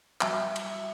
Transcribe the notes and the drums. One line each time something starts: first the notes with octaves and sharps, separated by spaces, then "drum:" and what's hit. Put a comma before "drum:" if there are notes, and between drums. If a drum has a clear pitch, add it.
G3 F#4 E5, drum: clap
drum: cymbal